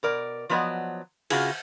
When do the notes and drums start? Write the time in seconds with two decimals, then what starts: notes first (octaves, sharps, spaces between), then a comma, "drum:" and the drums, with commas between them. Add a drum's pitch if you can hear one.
0.03 B2 A#4 D5
0.49 F3 F#3 B3 D5 D#5
1.30 C#3 F4 F#4 G#4, drum: cymbal